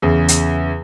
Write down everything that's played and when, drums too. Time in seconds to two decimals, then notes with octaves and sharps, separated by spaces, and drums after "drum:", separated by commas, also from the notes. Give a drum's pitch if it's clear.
0.02 E2 C#3
0.28 drum: hi-hat